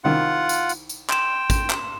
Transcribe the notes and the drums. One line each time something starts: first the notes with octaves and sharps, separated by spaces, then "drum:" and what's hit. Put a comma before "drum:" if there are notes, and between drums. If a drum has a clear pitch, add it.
C2 D#3 F4 F#5
drum: tambourine
drum: tambourine
drum: tambourine
G5 C6 E7, drum: clap
drum: kick, tambourine
drum: clap